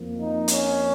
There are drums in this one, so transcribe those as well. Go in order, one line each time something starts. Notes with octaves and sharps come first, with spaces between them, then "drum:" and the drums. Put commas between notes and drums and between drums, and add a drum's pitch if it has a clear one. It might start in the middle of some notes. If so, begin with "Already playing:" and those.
Already playing: F2 F3 A#3
D#4
C#4, drum: hi-hat